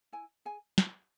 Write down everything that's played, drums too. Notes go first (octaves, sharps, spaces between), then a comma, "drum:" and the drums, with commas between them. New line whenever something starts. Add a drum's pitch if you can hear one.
E4 G#5
G#4 G#5
E4 G5, drum: snare